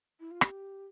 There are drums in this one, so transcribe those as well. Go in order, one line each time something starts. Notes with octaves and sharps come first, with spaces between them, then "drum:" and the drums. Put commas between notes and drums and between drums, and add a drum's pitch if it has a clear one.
E4
F4
G4, drum: rim click